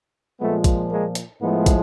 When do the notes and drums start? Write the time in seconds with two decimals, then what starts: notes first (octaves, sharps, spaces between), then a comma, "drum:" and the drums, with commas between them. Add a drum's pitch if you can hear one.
0.39 A#2 F3 G#3 A3 B3
0.64 drum: kick, hi-hat
0.90 G#3 A#3
1.15 drum: hi-hat
1.40 A2 F3 G#3 A3 B3
1.66 drum: kick, hi-hat